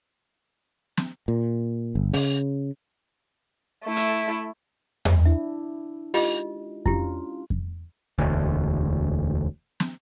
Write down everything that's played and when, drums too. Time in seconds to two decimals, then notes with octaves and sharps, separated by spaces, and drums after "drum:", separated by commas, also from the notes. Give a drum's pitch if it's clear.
0.97 drum: snare
1.28 A#2
1.95 G1
2.13 C#3, drum: open hi-hat
3.85 A3 E4
3.97 drum: hi-hat
5.05 drum: tom E2
5.25 D4 E4 E5
6.14 G#3 D#4 F4 G4 D#5, drum: open hi-hat
6.86 C#4 D4 E4 F4 G4, drum: kick F2
7.50 drum: kick F2
8.18 E1 D2
9.80 drum: snare